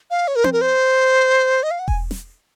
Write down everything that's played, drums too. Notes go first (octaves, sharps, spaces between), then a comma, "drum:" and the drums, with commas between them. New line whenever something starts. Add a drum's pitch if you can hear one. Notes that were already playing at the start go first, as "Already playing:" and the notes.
F5
C#5
A#4
C5, drum: tom C4
A#4
C5
D#5
F5
F#5
G#5, drum: kick E1
drum: snare